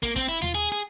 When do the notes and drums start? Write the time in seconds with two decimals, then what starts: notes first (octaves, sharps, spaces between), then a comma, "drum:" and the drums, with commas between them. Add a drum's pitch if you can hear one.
0.03 A#3, drum: kick, hi-hat
0.16 C4, drum: kick, hi-hat
0.29 E4
0.42 F4, drum: tom D#2
0.55 G#4
0.72 G#4